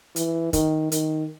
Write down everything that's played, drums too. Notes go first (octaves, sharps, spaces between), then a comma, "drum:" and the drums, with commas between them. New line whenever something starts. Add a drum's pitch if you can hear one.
E3, drum: hi-hat
D#3, drum: kick, hi-hat
D#3, drum: hi-hat